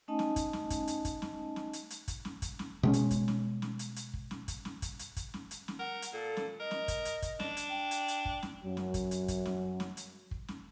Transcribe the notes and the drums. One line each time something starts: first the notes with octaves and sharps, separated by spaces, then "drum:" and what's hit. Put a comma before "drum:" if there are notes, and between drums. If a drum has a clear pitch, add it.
A3 C#4 D#4 D#5 G#5 A5
drum: snare
drum: kick, hi-hat
drum: snare
drum: kick, hi-hat
drum: hi-hat
drum: kick, hi-hat
drum: snare
drum: snare
drum: hi-hat
drum: hi-hat
drum: kick, hi-hat
drum: snare
drum: kick, hi-hat
drum: snare
B2 G#3 C#4
drum: hi-hat
drum: kick, hi-hat
drum: snare
drum: snare
drum: hi-hat
drum: hi-hat
drum: kick
drum: snare
drum: kick, hi-hat
drum: snare
drum: kick, hi-hat
drum: hi-hat
drum: kick, hi-hat
drum: snare
drum: hi-hat
drum: snare
A#4 F#5
drum: hi-hat
A#2 A4
drum: snare
A#4 D#5
drum: snare
drum: kick, hi-hat
drum: hi-hat
drum: kick, hi-hat
D4, drum: snare
drum: hi-hat
G5
drum: hi-hat
drum: hi-hat
drum: kick
drum: snare
F#2 F#3
drum: snare
drum: kick, hi-hat
drum: hi-hat
drum: kick, hi-hat
drum: snare
drum: snare
drum: hi-hat
drum: kick
drum: snare